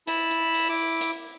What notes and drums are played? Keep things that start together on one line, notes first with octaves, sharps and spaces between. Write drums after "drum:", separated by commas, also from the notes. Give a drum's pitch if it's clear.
E4 A5 B5, drum: hi-hat
drum: hi-hat
drum: open hi-hat
E4 D6
drum: hi-hat